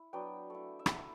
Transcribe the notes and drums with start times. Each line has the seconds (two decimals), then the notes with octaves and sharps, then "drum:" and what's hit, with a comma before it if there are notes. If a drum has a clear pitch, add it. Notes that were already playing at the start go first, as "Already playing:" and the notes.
Already playing: E4
0.13 F#3 B3 D4 G5
0.50 A3 E4
0.79 E5
0.86 A3 E4 F#5, drum: rim click
0.99 E5